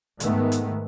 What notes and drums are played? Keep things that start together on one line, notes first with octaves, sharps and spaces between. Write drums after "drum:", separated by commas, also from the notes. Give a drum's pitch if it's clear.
G#2 D#3 A3 B3, drum: hi-hat
drum: hi-hat